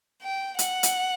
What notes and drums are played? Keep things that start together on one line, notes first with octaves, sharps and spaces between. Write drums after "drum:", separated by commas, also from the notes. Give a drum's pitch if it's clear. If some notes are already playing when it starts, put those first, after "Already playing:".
G5
F#5, drum: hi-hat
drum: hi-hat